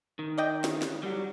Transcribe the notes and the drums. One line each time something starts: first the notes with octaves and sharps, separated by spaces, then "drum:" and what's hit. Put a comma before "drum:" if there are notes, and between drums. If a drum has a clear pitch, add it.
D#3
D5 D#5 G5
drum: snare
drum: snare
F#3 G3